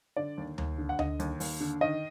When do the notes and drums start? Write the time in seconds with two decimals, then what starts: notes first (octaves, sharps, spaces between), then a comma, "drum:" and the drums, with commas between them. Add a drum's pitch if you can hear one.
0.17 D3 D5
0.38 D#2
0.58 D#2, drum: tom D2
0.78 D3
0.89 F#5
0.99 D3 D#5, drum: tom D2
1.20 D#2, drum: hi-hat
1.40 D#2, drum: open hi-hat
1.60 D3
1.81 D#3 D#5